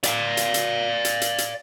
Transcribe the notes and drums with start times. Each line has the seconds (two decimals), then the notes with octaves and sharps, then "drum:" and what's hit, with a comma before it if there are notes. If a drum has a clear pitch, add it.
0.03 D5 F5, drum: hi-hat
0.37 drum: hi-hat
0.54 drum: hi-hat
1.05 drum: hi-hat
1.21 drum: hi-hat
1.38 drum: hi-hat